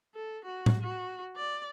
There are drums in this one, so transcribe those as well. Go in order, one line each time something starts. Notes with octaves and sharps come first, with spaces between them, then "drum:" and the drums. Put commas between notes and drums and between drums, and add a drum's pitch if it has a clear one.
A4
F#4
drum: tom A2
F#4
D5